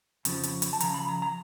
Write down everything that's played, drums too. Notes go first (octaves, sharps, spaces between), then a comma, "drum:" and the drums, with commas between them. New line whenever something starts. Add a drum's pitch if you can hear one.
F2 C#3 F3, drum: hi-hat
drum: hi-hat
drum: hi-hat
A5
F2 C#3 F3 A#5, drum: hi-hat
B5
A#5
A#5